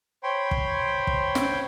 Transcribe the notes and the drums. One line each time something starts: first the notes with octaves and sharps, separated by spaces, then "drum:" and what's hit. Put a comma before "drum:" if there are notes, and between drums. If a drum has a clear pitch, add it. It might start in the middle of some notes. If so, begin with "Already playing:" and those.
C5 C#5 G5 B5 C6
drum: kick
drum: kick
drum: snare